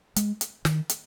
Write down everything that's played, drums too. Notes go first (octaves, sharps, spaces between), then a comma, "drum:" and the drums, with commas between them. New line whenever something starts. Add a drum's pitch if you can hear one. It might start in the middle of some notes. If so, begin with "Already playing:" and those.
G#3, drum: hi-hat
drum: hi-hat
D#3, drum: snare
drum: hi-hat